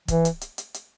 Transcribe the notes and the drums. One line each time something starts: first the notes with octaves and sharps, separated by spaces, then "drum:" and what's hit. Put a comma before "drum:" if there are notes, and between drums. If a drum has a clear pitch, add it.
E3, drum: kick, hi-hat
drum: hi-hat
drum: hi-hat
drum: hi-hat
drum: hi-hat